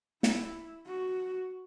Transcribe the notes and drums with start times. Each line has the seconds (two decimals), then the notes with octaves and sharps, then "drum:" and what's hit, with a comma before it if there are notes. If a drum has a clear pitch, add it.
0.23 E4, drum: snare
0.87 F#4